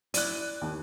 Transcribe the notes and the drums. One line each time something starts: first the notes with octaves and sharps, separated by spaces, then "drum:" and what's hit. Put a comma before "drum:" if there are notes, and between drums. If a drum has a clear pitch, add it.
E4 D5 F#6 D#7, drum: hi-hat
D#2